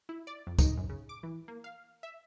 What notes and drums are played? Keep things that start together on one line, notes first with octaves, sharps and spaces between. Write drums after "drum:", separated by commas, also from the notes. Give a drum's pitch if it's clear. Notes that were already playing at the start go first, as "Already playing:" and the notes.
E4
D5
F2
D#4, drum: kick, tambourine
F#2
C#3
D6
E3
A#3
F5
E5